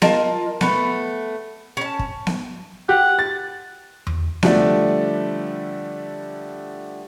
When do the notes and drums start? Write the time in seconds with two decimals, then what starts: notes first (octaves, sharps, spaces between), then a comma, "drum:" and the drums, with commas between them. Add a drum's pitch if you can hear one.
0.02 F4 A#4 D#5 A5, drum: snare B3
0.61 A3 B3, drum: snare B3
1.77 C#4 A5
1.99 drum: kick
2.27 drum: snare B3
2.89 G4 F#5
3.19 A6
4.07 drum: tom E2
4.43 D3 F3 G3 A3 D4, drum: snare B3